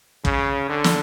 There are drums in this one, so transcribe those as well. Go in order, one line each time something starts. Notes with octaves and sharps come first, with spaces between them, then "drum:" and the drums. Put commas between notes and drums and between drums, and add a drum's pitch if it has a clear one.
C#3, drum: kick
D3
drum: snare